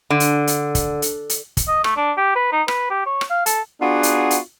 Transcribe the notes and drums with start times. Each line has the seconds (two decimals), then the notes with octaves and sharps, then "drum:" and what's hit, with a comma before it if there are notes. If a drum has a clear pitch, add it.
0.10 D3
0.20 drum: hi-hat
0.47 drum: hi-hat
0.75 drum: kick, hi-hat
1.02 drum: hi-hat
1.30 drum: hi-hat
1.57 drum: kick, hi-hat
1.68 D#5
1.84 A3, drum: rim click
1.97 D4
2.17 G4
2.36 B4
2.52 D#4
2.68 B4, drum: rim click
2.90 G4
3.06 C#5
3.21 drum: rim click
3.30 F5
3.46 A4, drum: hi-hat
3.81 B3 D4 F4 F#4 G#4
4.03 drum: hi-hat
4.31 drum: hi-hat